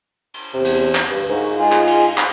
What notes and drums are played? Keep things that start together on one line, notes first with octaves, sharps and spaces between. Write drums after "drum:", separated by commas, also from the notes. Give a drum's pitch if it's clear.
drum: cymbal
E2 C3
drum: cymbal
drum: clap
D2 G2
G#2 A#3 F#4
G#3 F4 G#4
drum: clap
drum: cymbal
drum: clap